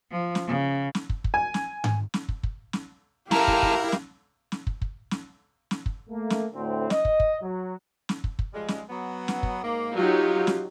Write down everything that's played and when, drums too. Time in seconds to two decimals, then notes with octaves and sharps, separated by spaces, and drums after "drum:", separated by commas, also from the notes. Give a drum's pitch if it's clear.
0.12 F3
0.35 drum: snare
0.47 C#3
0.95 drum: snare
1.09 drum: kick
1.24 drum: kick
1.34 G#5
1.54 drum: snare
1.84 drum: tom G#2
2.14 drum: snare
2.29 drum: kick
2.43 drum: kick
2.73 drum: snare
3.31 G#3 E4 G4 A4 A#4 F5 A#5, drum: snare
3.48 drum: kick
3.62 drum: kick
3.92 drum: snare
4.52 drum: snare
4.67 drum: kick
4.82 drum: kick
5.11 drum: snare
5.71 drum: snare
5.86 drum: kick
6.09 A3 A#3
6.30 drum: snare
6.54 D2 A2 C4
6.90 D#5, drum: snare
7.05 drum: kick
7.20 drum: kick
7.42 F#3
8.09 drum: snare
8.24 drum: kick
8.39 drum: kick
8.54 F3 G3 G#3
8.68 drum: snare
8.89 F#3 B3
9.28 drum: snare
9.43 drum: kick
9.63 G#2 A#3
9.96 F#3 D#4 F4 G4
10.47 drum: snare